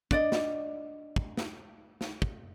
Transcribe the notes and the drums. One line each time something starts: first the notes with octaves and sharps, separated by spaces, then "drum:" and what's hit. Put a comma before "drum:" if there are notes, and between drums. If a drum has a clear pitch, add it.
D4 D5 D#5, drum: kick
drum: snare
drum: kick
drum: snare
drum: snare
drum: kick